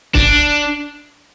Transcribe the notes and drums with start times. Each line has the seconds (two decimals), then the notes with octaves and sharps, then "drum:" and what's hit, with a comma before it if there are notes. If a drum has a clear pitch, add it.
0.15 D4, drum: kick